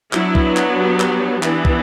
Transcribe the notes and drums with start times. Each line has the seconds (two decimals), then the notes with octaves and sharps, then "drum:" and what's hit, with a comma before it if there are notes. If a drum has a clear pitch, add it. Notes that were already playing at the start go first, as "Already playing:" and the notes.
0.13 F#3 B3 D4 E4, drum: clap
0.35 drum: kick
0.57 drum: clap
0.79 G4
1.00 drum: clap
1.43 E3 B3 D4, drum: clap
1.65 drum: kick